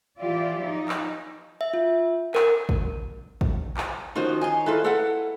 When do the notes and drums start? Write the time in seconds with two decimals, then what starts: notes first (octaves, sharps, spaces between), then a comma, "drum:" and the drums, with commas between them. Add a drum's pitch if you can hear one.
0.18 E3 F4 G4 D5 E5
0.61 F3 D#4
0.89 drum: clap
1.61 E5
1.74 F4
2.35 A#4, drum: clap
2.69 drum: kick
3.41 drum: kick
3.77 drum: clap
4.15 D#3 F3 C#4 F4 F#4 C5
4.41 D#4 C#5 G#5 C6
4.66 E4 F4 A4 B4
4.84 A4 B4 F#5